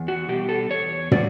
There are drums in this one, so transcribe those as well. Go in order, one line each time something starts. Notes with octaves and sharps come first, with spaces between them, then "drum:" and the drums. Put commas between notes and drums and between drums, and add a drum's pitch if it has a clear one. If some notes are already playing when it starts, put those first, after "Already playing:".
Already playing: E2
F#4
B2 G3 G4
A4
E2 C#5
B2 G3 D5, drum: tom